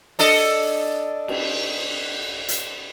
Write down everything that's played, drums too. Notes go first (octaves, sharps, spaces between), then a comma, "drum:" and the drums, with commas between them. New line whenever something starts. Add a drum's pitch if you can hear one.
D4 A4 D#5, drum: open hi-hat
drum: cymbal
drum: hi-hat